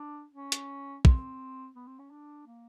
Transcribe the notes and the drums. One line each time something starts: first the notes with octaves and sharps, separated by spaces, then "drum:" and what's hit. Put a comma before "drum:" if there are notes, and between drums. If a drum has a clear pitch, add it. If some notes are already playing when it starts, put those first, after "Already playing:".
Already playing: D4
C#4
drum: hi-hat
C4, drum: kick
B3
C4
C#4
D4
A#3